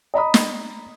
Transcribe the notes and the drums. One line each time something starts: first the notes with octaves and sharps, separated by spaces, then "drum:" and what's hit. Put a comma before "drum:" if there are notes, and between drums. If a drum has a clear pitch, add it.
D#5 A#5 B5 D#6
drum: snare